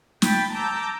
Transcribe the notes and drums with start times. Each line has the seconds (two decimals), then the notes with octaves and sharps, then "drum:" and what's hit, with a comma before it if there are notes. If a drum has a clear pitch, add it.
0.22 G5 B5 A6, drum: snare
0.53 A5 A#5 D6 E6 G6